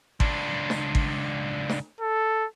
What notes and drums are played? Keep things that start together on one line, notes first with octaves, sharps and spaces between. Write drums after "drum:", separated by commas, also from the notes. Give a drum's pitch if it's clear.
C#2 D4, drum: kick G#1
drum: snare
drum: kick G#1
drum: snare
A4